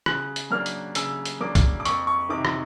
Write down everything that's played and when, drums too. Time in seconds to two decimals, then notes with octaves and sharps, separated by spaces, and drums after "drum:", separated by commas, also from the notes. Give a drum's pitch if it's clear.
0.06 C#3 F#6, drum: rim click
0.36 drum: hi-hat
0.50 F#3 A#3 D4 F6
0.66 drum: hi-hat
0.95 C#3 E6, drum: hi-hat
1.25 drum: hi-hat
1.40 F#3 A#3 D4 D6
1.55 drum: kick, hi-hat
1.80 D6
1.85 F2 C#6, drum: hi-hat
2.07 C#6
2.29 C3 D#3 D6
2.45 drum: rim click